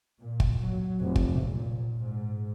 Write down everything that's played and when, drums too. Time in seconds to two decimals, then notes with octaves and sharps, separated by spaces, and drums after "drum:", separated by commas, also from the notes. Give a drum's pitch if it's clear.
0.21 A#2
0.40 drum: kick
0.62 F#3
1.02 F1
1.16 drum: kick
1.41 A#2
1.98 G#2